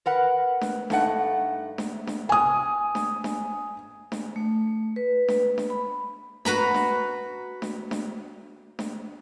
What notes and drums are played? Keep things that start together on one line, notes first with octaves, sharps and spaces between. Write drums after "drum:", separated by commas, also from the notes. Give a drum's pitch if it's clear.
A#4 B4 F#5
drum: snare D4
G2 A3 D#4 F#5, drum: snare D4
drum: snare D4
drum: snare D4
G#5 D#6
drum: snare D4
drum: snare D4
drum: snare D4
A3
B4
drum: snare D4
drum: snare D4
B5
F#4 B4 A#5 B5, drum: snare D4
drum: snare D4
drum: snare D4
drum: snare D4
drum: snare D4